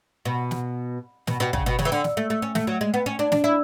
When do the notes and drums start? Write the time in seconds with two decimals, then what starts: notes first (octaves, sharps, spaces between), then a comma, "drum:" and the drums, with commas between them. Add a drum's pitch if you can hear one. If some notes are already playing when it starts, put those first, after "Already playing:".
0.25 B2
0.51 drum: snare
1.27 B2, drum: snare
1.40 B2
1.53 C#3, drum: kick
1.66 B2
1.79 C#3, drum: snare
1.85 E3
1.92 D3
2.04 drum: snare
2.17 A3
2.30 A3
2.42 C#4
2.55 A3, drum: snare
2.67 F#3
2.81 G#3
2.94 B3
3.06 C#4
3.19 D4
3.32 D4, drum: snare
3.44 E4